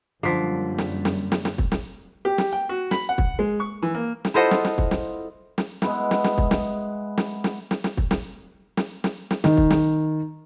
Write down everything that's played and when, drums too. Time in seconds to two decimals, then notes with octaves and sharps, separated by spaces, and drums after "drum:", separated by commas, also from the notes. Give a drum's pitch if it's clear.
0.23 F#2 D3 F3 G3 A#3 B6
0.78 drum: snare
1.05 drum: snare
1.32 drum: snare
1.45 drum: snare
1.58 drum: kick
1.72 drum: snare
2.25 G4
2.38 drum: snare
2.53 G5
2.69 F#4
2.91 B5, drum: snare
3.09 F#5
3.18 drum: kick
3.39 G#3
3.60 C#6
3.82 E3
3.94 A#3
4.25 drum: snare
4.34 E4 F4 A4 C5 D#5 F#5
4.51 drum: snare
4.65 drum: snare
4.78 drum: kick
4.91 drum: snare
5.58 drum: snare
5.82 G#3 B3 E4, drum: snare
6.11 drum: snare
6.24 drum: snare
6.38 drum: kick
6.51 drum: snare
7.17 drum: snare
7.44 drum: snare
7.71 drum: snare
7.84 drum: snare
7.97 drum: kick
8.11 drum: snare
8.77 drum: snare
9.04 drum: snare
9.31 drum: snare
9.44 D#3, drum: snare
9.57 drum: kick
9.70 drum: snare